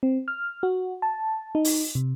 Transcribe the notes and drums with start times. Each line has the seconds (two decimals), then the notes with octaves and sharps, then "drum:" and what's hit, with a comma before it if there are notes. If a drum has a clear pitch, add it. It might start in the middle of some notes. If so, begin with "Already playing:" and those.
0.03 C4
0.28 F6
0.63 F#4
1.02 A5
1.55 D#4
1.65 drum: open hi-hat
1.95 C3